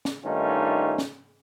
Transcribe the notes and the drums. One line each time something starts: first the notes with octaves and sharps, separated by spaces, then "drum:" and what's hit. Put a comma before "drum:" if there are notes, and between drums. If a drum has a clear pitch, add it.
drum: snare
G2 D#3 A3 C#4 D#4 F4
drum: snare